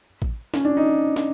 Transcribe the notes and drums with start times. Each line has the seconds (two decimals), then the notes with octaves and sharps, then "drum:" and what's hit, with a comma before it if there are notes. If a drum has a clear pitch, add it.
0.22 drum: kick A1
0.54 C#4, drum: snare
0.65 D4
0.77 D#4
1.16 drum: snare